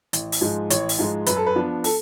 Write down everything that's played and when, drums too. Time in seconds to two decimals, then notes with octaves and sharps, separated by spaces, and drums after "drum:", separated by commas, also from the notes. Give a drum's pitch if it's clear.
0.13 A1, drum: hi-hat
0.32 drum: open hi-hat
0.41 G#2 F3 G#3
0.70 A1 C#5, drum: hi-hat
0.89 drum: open hi-hat
0.99 G#2 F3 G#3
1.26 F#2 B4, drum: hi-hat
1.37 A4
1.47 B4
1.56 F3 B3 D4
1.84 A4, drum: open hi-hat